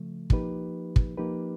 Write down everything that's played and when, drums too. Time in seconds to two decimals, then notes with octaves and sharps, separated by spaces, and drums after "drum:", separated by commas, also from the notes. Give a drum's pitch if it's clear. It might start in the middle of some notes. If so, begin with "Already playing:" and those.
Already playing: C#3 F3 A3
0.30 F3 A#3 D#4 G4 B4, drum: kick
0.96 drum: kick
1.17 F3 A#3 D#4 G4 B4